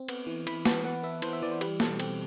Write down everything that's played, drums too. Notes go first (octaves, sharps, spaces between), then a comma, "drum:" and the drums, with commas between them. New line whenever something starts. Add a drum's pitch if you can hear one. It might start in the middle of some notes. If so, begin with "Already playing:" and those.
Already playing: C4
B3, drum: cymbal
E3
E3 B5, drum: cymbal
B3 A5, drum: snare
B3 F#5
B3 E5
E3 C5, drum: cymbal
E5
E3 D5
C5
G3 B4, drum: cymbal
B2 A4, drum: snare
C4 G4, drum: cymbal